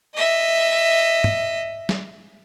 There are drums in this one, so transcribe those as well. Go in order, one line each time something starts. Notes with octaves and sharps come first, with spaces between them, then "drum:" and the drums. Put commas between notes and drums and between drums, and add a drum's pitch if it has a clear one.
D#5 E5
drum: tom
drum: snare